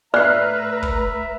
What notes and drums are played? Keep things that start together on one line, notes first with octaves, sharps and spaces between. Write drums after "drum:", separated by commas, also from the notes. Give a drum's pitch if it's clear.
A2 B4 D5 E5 A#5 F6 F#6 C7
drum: kick